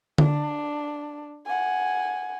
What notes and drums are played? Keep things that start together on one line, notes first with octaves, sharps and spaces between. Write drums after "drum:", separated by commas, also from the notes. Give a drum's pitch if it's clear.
D4, drum: tom D3
F#5 G#5